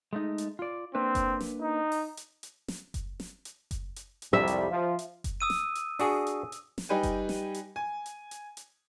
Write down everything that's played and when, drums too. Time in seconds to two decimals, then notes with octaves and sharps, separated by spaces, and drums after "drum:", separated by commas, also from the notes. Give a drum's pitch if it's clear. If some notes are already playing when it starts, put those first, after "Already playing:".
0.13 G#3 A3 D#4
0.38 drum: hi-hat
0.59 F4 D5
0.95 A#3 C4 D4 B4
1.15 drum: kick F#1, hi-hat
1.41 drum: snare
1.62 D#4
1.92 drum: open hi-hat
2.17 drum: hi-hat
2.43 drum: hi-hat
2.68 drum: snare
2.94 drum: kick F#1, hi-hat
3.20 drum: snare
3.45 drum: hi-hat
3.71 drum: kick F#1, hi-hat
3.96 drum: hi-hat
4.22 drum: hi-hat
4.33 C2 F2 G3 E5
4.47 drum: hi-hat
4.70 F3
4.99 drum: hi-hat
5.24 drum: kick F#1, hi-hat
5.40 D#6 E6 D#7
5.50 drum: snare
5.75 drum: hi-hat
5.99 D4 F#4 G#4, drum: open hi-hat
6.27 drum: hi-hat
6.52 drum: hi-hat
6.78 drum: snare
6.89 G3 D#4 B4 G5 G#5
7.03 drum: kick F#1, hi-hat
7.29 drum: snare
7.54 drum: hi-hat
7.76 G#5
8.06 drum: hi-hat
8.31 drum: hi-hat
8.57 drum: hi-hat